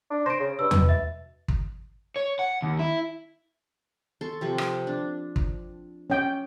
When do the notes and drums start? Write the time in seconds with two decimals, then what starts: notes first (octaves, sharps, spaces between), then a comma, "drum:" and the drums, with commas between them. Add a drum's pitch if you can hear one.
0.10 D4
0.26 C5 A#6 D7
0.40 C#3
0.59 G2 E6
0.71 B2, drum: tom E2
0.89 E5
1.48 drum: kick
2.16 C#5
2.39 F#5
2.62 D#2
2.79 E4
4.21 A4 C6 C#6
4.41 C3 F3 C4
4.58 drum: rim click
4.87 D4
5.36 drum: kick
6.10 C#4 G5